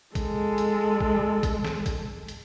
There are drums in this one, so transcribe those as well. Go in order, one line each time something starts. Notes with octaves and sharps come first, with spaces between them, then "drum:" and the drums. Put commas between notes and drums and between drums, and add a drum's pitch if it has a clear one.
G#3 A4, drum: kick, hi-hat
drum: hi-hat
drum: kick
drum: kick, hi-hat
drum: snare
drum: kick, hi-hat
drum: hi-hat